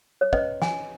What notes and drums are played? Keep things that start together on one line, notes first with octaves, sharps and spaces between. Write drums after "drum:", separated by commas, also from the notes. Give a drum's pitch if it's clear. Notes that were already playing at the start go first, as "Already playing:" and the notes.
C#5
C#4 B4 D#5, drum: kick
G#5, drum: snare